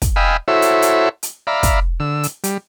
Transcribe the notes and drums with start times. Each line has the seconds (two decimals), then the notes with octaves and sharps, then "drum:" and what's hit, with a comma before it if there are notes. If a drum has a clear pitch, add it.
0.02 drum: kick, hi-hat
0.16 D#5 F5 G5 G#5 B5 E6
0.48 E4 F#4 A4 C5 C#5 E5
0.62 drum: hi-hat
0.82 drum: hi-hat
1.23 drum: hi-hat
1.47 D5 E5 F5 A#5 B5
1.63 drum: kick, hi-hat
2.00 D3 E6
2.23 drum: hi-hat
2.44 G3, drum: hi-hat